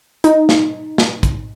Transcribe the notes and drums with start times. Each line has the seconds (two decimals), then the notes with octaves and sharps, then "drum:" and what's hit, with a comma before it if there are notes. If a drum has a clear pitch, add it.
0.24 D#4, drum: hi-hat
0.49 drum: snare
0.98 drum: snare
1.23 drum: kick, hi-hat